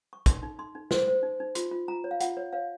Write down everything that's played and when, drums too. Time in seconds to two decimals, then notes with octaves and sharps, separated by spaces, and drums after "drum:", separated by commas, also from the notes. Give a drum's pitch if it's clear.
0.13 C#6
0.26 D#4 C6, drum: kick, hi-hat
0.43 D#4
0.59 D#4 C6
0.75 D#4
0.91 C5 C6, drum: snare
1.08 C5
1.23 D#4
1.40 D#4
1.55 F4 C6, drum: hi-hat
1.71 F4
1.88 F4 A#5
2.04 C#5
2.11 F5
2.20 F4 F#5, drum: hi-hat
2.37 C#5
2.53 C#5 F5